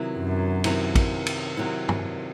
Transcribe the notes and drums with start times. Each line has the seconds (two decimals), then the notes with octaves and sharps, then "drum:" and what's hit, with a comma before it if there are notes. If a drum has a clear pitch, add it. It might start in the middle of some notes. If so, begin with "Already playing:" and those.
Already playing: C3 D#3 F#3 B3 E4
0.18 F#2
0.64 C3 D#3 F#3 B3 E4, drum: cymbal
0.95 drum: kick, cymbal
1.26 drum: cymbal
1.57 C3 D#3 F#3 B3 E4
1.89 drum: tom